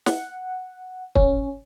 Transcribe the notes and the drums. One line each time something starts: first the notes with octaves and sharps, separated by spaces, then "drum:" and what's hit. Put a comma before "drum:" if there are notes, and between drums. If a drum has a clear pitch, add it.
F#5, drum: snare
C#4, drum: kick